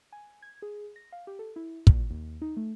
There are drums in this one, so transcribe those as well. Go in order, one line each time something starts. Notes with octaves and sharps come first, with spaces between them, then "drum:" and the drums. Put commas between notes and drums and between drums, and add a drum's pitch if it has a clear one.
G#5
G#6
G#4
A#6
F5
G4
A4
E4
A#2, drum: kick
D#2
D#4
A3